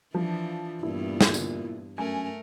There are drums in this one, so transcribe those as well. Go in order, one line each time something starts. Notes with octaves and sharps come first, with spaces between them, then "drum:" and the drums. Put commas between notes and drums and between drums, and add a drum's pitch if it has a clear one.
E3 F3 D4
G2 A#2 B3 E4
drum: snare
drum: tambourine
F#2 A3 A#4 G#5